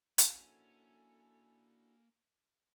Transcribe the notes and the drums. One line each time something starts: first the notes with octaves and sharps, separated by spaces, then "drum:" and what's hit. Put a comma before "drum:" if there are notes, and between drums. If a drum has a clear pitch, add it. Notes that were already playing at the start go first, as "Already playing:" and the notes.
A#3 C#4 D4 E4 F#4 A4 C5, drum: hi-hat